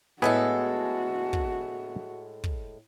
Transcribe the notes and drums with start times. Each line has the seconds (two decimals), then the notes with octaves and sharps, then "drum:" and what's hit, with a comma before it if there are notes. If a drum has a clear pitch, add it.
0.22 A2 G#3 B3 F#4 G#4 A4 E5
1.33 drum: kick
2.44 drum: kick